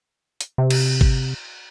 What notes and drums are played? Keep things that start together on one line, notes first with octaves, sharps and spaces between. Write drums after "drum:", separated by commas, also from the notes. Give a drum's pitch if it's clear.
drum: hi-hat
C3
drum: cymbal
drum: kick